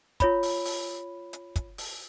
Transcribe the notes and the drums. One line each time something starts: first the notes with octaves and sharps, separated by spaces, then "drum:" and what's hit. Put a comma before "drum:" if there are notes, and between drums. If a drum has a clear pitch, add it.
F4 C#5 B5, drum: kick, hi-hat
drum: open hi-hat
drum: open hi-hat
drum: hi-hat
drum: kick, hi-hat
drum: open hi-hat